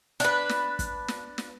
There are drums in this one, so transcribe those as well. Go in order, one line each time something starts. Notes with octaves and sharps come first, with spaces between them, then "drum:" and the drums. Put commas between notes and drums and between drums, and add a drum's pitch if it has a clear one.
D4 B4, drum: hi-hat
drum: snare
drum: kick, hi-hat
drum: snare
drum: snare